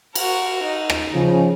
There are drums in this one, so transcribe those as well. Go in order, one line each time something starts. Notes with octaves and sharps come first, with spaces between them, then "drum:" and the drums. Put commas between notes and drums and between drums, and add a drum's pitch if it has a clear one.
F#4 A#4, drum: cymbal
D#4
drum: rim click
C#3 F3